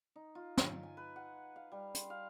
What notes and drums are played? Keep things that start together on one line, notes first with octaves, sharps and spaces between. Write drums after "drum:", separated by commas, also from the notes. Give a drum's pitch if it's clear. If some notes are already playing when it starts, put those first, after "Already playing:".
D#4
F4
drum: snare
G#5
B4
F#5
F5
G3
C6, drum: hi-hat
F5